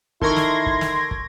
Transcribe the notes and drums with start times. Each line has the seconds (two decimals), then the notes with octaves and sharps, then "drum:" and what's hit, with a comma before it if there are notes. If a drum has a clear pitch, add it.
0.22 D#3 E4 A4 A#4 C6 C#6 G#6 A#6, drum: kick
0.36 drum: snare
0.66 drum: kick
0.81 drum: snare
1.11 drum: kick